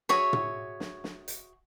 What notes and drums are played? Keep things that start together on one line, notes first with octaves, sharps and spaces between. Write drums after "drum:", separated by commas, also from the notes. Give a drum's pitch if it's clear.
F#4 G#4 C#5 E5, drum: snare
drum: tom
drum: snare
drum: snare
drum: hi-hat